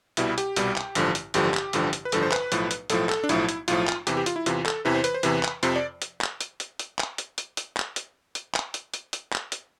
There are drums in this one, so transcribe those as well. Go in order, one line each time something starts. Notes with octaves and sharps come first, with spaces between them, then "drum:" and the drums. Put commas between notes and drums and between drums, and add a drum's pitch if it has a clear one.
C2 B2 G3 E4, drum: hi-hat
G4, drum: hi-hat
C2 B2 G3, drum: hi-hat
drum: clap
A1 G2 D3 F3, drum: hi-hat
drum: hi-hat
A1 G2 D3 F3 G4, drum: hi-hat
drum: clap
A1 G2 D3 F3, drum: hi-hat
drum: hi-hat
B4
A1 G2 D3 F3 A4, drum: hi-hat
C5
B4, drum: clap
B1 A2 F3, drum: hi-hat
drum: hi-hat
B1 A2 F3 A4, drum: hi-hat
A4, drum: clap
D4
B1 A2 F3 E4, drum: hi-hat
drum: hi-hat
B1 A2 F3 F4, drum: hi-hat
drum: clap
E2 C3 E3 G4, drum: hi-hat
G4
F4, drum: hi-hat
E4
E2 C3 E3 F4, drum: hi-hat
A4, drum: clap
E2 C3 E3 B4
C5
B4, drum: hi-hat
C5
E2 C3 E3 B4, drum: hi-hat
drum: clap
F2 C3 F3 C5, drum: hi-hat
D5
drum: hi-hat
drum: clap
drum: hi-hat
drum: hi-hat
drum: hi-hat
drum: clap
drum: hi-hat
drum: hi-hat
drum: hi-hat
drum: clap
drum: hi-hat
drum: hi-hat
drum: clap
drum: hi-hat
drum: hi-hat
drum: hi-hat
drum: clap
drum: hi-hat